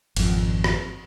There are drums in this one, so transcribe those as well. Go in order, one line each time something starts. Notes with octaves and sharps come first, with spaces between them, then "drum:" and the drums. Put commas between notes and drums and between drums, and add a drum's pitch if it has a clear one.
G#1 F2, drum: cymbal
drum: rim click